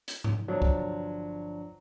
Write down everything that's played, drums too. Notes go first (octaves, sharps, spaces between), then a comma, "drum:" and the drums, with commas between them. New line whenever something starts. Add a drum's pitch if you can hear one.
drum: hi-hat
drum: tom G#2
G1 F3 F#3 D4
drum: kick